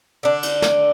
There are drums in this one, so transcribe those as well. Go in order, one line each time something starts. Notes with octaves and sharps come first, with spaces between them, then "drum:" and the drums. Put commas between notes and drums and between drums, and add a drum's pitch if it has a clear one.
D3 D4
drum: cymbal
drum: snare